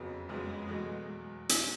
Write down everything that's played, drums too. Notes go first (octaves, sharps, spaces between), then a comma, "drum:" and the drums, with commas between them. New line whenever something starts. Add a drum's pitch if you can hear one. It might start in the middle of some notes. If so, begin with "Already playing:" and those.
Already playing: F#1 F2 C#3 F#3 B3
F#1 F2 C#3 F#3 G#3 B3
E2 B2 F#3 A3
drum: hi-hat